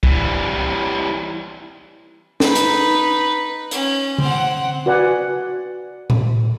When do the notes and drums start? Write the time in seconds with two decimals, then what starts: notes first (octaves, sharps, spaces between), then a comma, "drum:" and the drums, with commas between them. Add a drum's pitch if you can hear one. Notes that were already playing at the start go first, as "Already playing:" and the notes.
0.03 E3 G3, drum: kick
2.40 D#4 B4, drum: snare
2.55 drum: hi-hat
3.71 C#4, drum: hi-hat
4.18 C4 F#5, drum: tom C#3
4.86 F#4 B4 D5 F#5 G#5
6.10 drum: tom A2